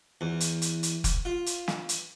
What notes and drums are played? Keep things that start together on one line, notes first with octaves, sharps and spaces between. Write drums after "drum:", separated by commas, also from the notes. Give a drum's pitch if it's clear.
E2
drum: hi-hat
drum: hi-hat
drum: hi-hat
drum: kick F1, hi-hat
F4
drum: hi-hat
drum: snare
drum: hi-hat